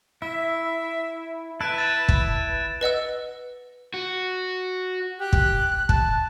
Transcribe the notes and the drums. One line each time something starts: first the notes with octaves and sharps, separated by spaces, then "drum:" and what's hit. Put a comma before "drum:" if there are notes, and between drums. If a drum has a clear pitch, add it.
E4 E5
E4 B4 A5 F#6 D7
A6 E7
drum: kick
B4 D#5 F#5 E6
F#4
G4 F#6
drum: kick
A5, drum: kick